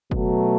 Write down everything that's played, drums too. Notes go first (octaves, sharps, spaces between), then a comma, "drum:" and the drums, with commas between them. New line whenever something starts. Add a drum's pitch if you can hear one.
B2 F#3 A3, drum: kick